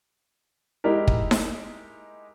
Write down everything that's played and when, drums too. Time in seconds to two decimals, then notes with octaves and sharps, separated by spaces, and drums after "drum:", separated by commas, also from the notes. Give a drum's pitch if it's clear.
0.84 G#3 D#4 E4 G4 A#4
1.08 drum: kick
1.31 drum: snare D#4